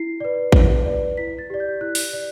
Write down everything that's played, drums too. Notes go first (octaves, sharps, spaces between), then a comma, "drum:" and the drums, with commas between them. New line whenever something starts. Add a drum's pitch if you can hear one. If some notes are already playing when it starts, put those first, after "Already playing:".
Already playing: E4 C7
B4 D5
E4, drum: kick A1
B4 D5
E4 B6
A6
G4 D5
G6
E4 F#6
drum: open hi-hat
D5